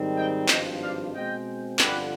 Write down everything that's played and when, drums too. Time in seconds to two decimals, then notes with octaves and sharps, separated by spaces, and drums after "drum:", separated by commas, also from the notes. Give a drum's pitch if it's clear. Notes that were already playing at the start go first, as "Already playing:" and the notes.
Already playing: G#2 D#3 G3 C4
0.16 D#5 G5
0.48 G#1 G2 F3 D#5 G5, drum: clap
0.81 D5 F5
1.13 B2 G#3 C4 D#5 G5
1.79 G1 F2 D3 G4 B4, drum: clap